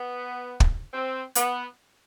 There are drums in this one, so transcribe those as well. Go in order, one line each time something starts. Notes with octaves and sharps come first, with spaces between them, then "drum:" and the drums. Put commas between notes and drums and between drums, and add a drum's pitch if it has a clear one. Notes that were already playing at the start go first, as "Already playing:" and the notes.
Already playing: B3
drum: kick
C4
B3, drum: hi-hat